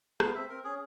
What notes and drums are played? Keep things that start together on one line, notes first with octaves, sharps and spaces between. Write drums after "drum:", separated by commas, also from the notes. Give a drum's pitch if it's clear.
B3 F5, drum: rim click
C4 E5
C4 A#4
C#4 G#4